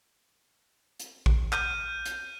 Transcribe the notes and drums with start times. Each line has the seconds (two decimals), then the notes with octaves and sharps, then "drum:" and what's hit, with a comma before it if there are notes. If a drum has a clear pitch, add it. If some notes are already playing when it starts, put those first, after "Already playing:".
1.00 drum: hi-hat
1.26 drum: kick A#1
1.53 F6 G6 D#7, drum: clap
2.06 drum: hi-hat